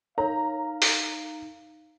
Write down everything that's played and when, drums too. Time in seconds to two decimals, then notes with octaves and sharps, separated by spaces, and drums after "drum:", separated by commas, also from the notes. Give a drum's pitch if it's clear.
0.18 D#4 A#4 C#5 F5 A#5
0.82 drum: open hi-hat